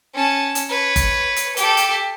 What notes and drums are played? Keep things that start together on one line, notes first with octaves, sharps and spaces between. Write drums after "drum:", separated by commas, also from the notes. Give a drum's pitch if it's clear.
C#4 A5
drum: hi-hat
B4 C#5
drum: kick G1, hi-hat
drum: hi-hat
G4 A4, drum: hi-hat
drum: hi-hat